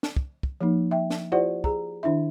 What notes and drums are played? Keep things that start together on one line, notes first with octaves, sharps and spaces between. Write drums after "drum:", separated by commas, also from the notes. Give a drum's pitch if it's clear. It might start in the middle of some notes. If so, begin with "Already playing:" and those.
drum: snare
drum: kick
drum: kick
F3 A#3 D#4
E5 G5
drum: snare
E4 F4 G4 C5 D5 F#5
G#4 A#5, drum: kick
D#3 D4 E4 E5